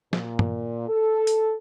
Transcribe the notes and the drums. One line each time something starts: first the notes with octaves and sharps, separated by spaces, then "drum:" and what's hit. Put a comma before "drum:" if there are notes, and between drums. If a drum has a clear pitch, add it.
A#2, drum: snare
drum: tom
A4
drum: hi-hat